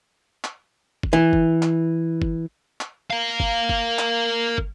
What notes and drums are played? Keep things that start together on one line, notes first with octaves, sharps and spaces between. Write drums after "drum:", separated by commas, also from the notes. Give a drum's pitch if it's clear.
drum: clap
drum: kick
E3
drum: kick
drum: clap
drum: kick
drum: clap
A#4 F5
drum: kick
drum: kick
drum: clap
drum: kick